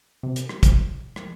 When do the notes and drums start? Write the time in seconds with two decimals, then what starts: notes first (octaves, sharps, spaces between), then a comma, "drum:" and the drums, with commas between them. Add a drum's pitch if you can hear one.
0.23 C3
0.36 drum: hi-hat
0.49 drum: rim click
0.63 drum: kick, hi-hat
1.16 drum: rim click